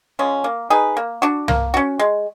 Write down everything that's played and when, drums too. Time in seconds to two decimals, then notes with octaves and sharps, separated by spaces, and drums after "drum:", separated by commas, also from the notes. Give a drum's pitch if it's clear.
0.19 F3 G#3 C#4
0.44 A#3
0.70 D#4 G#4 B4
0.97 A#3
1.22 D4 F#4
1.48 A#3, drum: tom C2
1.74 C#4 F#4
1.99 G#3